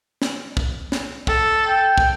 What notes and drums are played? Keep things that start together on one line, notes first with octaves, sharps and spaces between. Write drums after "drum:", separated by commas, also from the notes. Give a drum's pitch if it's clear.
drum: snare
drum: kick
drum: snare
A4, drum: kick
G5
drum: kick